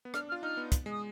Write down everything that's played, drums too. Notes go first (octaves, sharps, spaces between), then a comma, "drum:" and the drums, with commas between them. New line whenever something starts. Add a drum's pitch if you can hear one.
B3
D4 F6, drum: rim click
F6
F4
D#4 F6
B3
drum: kick, hi-hat
G#3 D#6